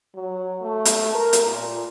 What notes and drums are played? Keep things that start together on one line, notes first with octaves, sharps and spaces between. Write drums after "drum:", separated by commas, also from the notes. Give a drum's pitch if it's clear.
F#3
A3
drum: hi-hat
A#4
drum: hi-hat
A#2